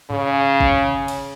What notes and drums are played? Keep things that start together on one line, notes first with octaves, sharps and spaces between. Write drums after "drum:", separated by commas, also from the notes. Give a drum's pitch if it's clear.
C#3, drum: tom G2
drum: kick
drum: cymbal